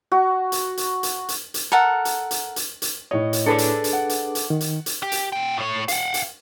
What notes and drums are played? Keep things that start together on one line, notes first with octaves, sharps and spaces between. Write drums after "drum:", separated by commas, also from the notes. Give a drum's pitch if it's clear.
F#4
drum: hi-hat
drum: hi-hat
drum: hi-hat
drum: hi-hat
drum: hi-hat
A4 A#4 F#5
drum: hi-hat
drum: hi-hat
drum: hi-hat
drum: hi-hat
A2 C#5 D#5
drum: hi-hat
D4 G#4 A4 B4 D5
drum: hi-hat
drum: hi-hat
F#5
drum: hi-hat
drum: hi-hat
D#3
drum: hi-hat
drum: hi-hat
G4
drum: hi-hat
A#2 G5
A2 C#5
F5 F#5, drum: hi-hat
drum: hi-hat